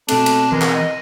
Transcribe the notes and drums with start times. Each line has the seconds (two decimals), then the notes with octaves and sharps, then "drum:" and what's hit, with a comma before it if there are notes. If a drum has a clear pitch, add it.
0.09 B2 A3 C4 D4, drum: cymbal
0.26 drum: cymbal
0.52 E3 G#3 A#4
0.62 drum: clap
0.75 D#5